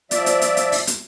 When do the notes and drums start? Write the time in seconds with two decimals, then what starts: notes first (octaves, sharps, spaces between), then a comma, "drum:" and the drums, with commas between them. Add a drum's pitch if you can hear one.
0.11 F3 D5 E5, drum: hi-hat
0.26 drum: hi-hat
0.41 drum: hi-hat
0.57 drum: hi-hat
0.72 drum: open hi-hat
0.87 drum: hi-hat